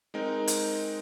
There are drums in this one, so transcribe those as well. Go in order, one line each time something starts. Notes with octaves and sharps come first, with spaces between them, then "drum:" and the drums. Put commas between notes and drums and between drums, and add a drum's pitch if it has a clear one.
G#3 C4 D#4 A#4
drum: hi-hat